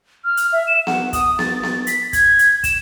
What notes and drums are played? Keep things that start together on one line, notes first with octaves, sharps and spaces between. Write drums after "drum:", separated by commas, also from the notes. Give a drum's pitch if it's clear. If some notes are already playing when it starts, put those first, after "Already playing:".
F6
drum: hi-hat
E5
E7
F#5, drum: snare B3
D#6, drum: kick, hi-hat
A6, drum: snare B3
drum: snare B3
B6, drum: hi-hat
G#6, drum: kick, hi-hat
drum: hi-hat
E7, drum: kick, hi-hat